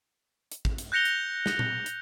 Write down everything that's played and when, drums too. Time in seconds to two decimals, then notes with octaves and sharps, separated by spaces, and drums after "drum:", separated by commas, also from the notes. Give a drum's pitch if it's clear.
0.52 drum: hi-hat
0.65 drum: kick
0.78 drum: hi-hat
0.92 F#6 G6 A#6 C#7 F7 G7
1.05 drum: hi-hat
1.46 drum: snare
1.59 drum: tom A#2
1.86 drum: hi-hat